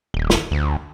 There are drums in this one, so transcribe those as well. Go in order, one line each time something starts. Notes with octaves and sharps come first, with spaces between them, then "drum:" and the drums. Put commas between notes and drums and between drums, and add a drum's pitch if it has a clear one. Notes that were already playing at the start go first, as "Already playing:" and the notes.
D#1
drum: snare
D2